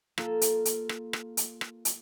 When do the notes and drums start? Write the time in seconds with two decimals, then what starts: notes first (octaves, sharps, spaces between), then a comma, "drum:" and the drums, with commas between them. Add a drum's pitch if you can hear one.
0.18 A#3 F4 A4, drum: rim click
0.42 drum: hi-hat
0.65 drum: hi-hat
0.89 drum: rim click
1.13 drum: rim click
1.37 drum: hi-hat
1.61 drum: rim click
1.85 drum: hi-hat